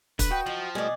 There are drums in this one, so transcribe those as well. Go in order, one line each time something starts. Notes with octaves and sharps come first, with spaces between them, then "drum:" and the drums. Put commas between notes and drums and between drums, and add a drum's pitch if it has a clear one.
D3 B4, drum: kick, hi-hat
F#4 D#5 G5
F3 D#4
B2 G3 A3 D5 D#5 G#5